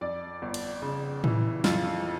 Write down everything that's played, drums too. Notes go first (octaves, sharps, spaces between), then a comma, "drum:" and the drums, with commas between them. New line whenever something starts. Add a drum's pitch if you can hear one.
F2 D5
G1
drum: cymbal
C#3
E3, drum: tom A2
F2 F4, drum: snare